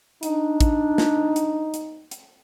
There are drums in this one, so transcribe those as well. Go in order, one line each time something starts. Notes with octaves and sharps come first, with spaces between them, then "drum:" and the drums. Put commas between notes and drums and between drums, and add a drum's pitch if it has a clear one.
D4 D#4, drum: hi-hat
drum: kick, hi-hat
drum: snare
drum: hi-hat
drum: hi-hat
drum: hi-hat